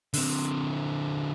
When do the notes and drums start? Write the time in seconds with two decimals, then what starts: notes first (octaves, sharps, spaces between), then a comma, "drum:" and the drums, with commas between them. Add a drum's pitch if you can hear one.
0.14 D3 C4, drum: open hi-hat